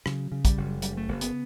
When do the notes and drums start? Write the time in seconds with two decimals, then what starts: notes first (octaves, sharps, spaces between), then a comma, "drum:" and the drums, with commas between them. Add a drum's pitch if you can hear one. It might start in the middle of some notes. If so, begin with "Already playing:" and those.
0.06 C#3 F#3, drum: rim click
0.32 C#3
0.45 G3, drum: kick, hi-hat
0.57 F#1
0.82 C#3 G3, drum: hi-hat
0.97 A3
1.08 F#1 A#3
1.21 B3, drum: hi-hat